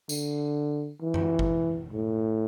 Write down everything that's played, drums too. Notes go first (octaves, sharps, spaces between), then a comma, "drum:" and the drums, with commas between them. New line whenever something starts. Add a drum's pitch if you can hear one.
D3, drum: tambourine
E3
drum: tom F#2
drum: kick G1
A2